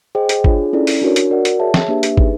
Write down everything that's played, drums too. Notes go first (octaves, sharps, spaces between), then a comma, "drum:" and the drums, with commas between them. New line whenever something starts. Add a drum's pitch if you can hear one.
G#4 C5 D#5 G5
drum: hi-hat
D4 F4 G#4 C#5, drum: kick
C#4 E4 A4 D5
drum: open hi-hat
D4 F#4 A#4 C#5
drum: hi-hat
F#4 A#4 D5 F#5
drum: hi-hat
G#4 C#5 E5 A5
drum: snare
A#3 D4 G4 B4 E5
drum: hi-hat
D#4 G#4 B4, drum: kick